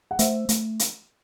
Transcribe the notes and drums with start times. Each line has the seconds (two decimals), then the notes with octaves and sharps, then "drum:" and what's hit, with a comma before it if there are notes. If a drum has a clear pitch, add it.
0.11 F#5
0.19 A3 C5 E5, drum: hi-hat
0.49 A3, drum: hi-hat
0.79 drum: hi-hat